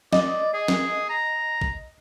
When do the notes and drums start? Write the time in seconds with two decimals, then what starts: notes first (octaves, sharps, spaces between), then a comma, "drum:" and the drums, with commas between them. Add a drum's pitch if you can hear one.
0.13 D5 D#5, drum: snare
0.54 G#4
0.68 drum: snare
1.10 A#5
1.61 drum: kick A#1